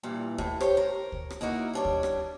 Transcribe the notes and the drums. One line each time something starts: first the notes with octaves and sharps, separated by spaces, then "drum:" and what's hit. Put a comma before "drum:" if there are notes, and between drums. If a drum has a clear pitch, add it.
G2 A#2 E3
A2, drum: kick D2
G4 C5 C#5, drum: rim click
A#4
drum: kick D2
drum: rim click
A#3 D#4 E4 F#4 A#4
G3 D4 C#5
drum: kick D2
drum: rim click